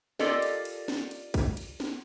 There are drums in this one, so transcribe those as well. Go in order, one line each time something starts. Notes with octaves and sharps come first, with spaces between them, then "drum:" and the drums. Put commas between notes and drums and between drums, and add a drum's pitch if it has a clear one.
F4 G4 A4 A#4 D5 D#5, drum: snare
drum: cymbal
drum: cymbal
drum: snare
drum: cymbal
drum: kick, cymbal
drum: cymbal
drum: snare